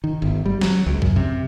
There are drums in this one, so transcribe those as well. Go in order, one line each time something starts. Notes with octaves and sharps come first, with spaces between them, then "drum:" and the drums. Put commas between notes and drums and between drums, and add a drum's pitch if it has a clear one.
D#3
G1
G3
F#3, drum: snare
C#2
F#2, drum: kick A#1
C3